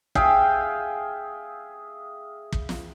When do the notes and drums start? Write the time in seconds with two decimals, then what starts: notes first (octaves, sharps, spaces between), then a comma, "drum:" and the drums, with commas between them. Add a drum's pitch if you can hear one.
0.15 G#4 E5 F5 G5, drum: kick
2.52 drum: kick
2.69 drum: snare